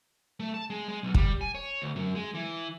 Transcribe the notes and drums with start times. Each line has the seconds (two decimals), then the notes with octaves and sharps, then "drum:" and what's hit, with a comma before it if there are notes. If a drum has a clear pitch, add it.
0.40 A3
0.54 A5
0.70 G#3
0.89 G#3
1.03 B1
1.14 G3, drum: kick
1.41 G#5
1.55 C#5
1.82 D2
1.96 F#2
2.15 G#3
2.35 E3